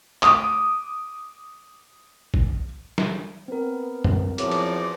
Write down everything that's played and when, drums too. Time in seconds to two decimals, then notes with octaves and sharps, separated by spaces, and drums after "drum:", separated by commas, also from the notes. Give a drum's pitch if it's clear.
0.23 D6 D#6, drum: clap
2.34 drum: kick
2.98 drum: snare
3.48 B3 C4 A#4
4.04 drum: tom
4.38 E2 F3 F#3 D6, drum: hi-hat
4.51 drum: cymbal